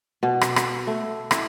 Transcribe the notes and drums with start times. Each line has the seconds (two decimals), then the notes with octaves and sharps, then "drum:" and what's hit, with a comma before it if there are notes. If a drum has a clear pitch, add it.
0.23 B2
0.41 drum: rim click
0.56 drum: rim click
0.87 A3
1.31 E4, drum: rim click